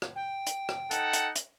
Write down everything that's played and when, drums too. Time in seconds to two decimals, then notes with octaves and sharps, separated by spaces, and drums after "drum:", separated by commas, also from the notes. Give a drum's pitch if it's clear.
0.02 drum: rim click
0.16 G5
0.47 drum: hi-hat
0.69 drum: rim click
0.91 D#4 A4 F#5, drum: hi-hat
1.13 drum: hi-hat
1.36 drum: hi-hat